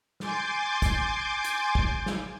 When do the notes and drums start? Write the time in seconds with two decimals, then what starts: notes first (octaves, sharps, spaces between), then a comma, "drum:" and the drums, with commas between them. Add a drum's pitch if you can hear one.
0.20 G#5 C6 D6 G6 A6, drum: snare
0.82 drum: kick, hi-hat
1.44 drum: hi-hat
1.75 drum: kick
2.06 drum: snare